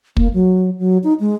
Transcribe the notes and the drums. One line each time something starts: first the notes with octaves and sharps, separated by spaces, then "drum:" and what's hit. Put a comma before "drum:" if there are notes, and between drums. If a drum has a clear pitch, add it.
A#3, drum: kick
F#3
F#3
D#4
G#3